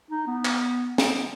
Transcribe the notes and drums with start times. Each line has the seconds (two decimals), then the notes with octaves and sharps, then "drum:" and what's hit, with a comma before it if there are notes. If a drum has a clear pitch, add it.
0.11 D#4
0.27 B3
0.45 drum: clap
0.98 B3, drum: snare